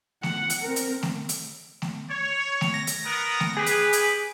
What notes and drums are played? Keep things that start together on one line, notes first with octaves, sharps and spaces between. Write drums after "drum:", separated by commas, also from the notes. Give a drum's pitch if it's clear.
F#5, drum: snare A3
drum: hi-hat
C4 A#4
drum: hi-hat
drum: snare A3
drum: hi-hat
drum: snare A3
C#5
drum: snare A3
A#6
drum: hi-hat
B3 A#4
drum: snare A3
G4 G#4 B4
drum: hi-hat
drum: hi-hat